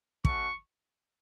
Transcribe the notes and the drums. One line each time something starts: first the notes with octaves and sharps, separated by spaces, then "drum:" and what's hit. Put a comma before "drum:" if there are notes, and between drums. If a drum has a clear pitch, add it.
A3 C#4 F#4 C#6, drum: kick